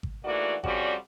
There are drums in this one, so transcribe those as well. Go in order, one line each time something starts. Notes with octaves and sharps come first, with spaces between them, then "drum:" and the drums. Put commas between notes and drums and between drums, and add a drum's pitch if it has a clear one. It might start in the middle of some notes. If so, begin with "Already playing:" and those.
drum: kick G#1
G#2 E3 A3 A#3 F#4 D5
F2 C3 G3 C#4 F#4 D5, drum: kick G#1